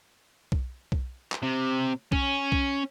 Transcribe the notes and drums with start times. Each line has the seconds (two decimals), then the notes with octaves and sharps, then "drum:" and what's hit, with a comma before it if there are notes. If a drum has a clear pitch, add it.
0.52 drum: kick B1
0.92 drum: kick B1
1.32 drum: clap
1.43 C3
2.12 C#4, drum: kick B1
2.52 drum: kick B1